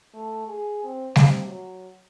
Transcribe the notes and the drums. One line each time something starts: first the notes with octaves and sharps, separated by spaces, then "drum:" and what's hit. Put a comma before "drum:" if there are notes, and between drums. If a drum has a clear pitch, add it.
A3
G#4
C4
C3, drum: snare G3
F#3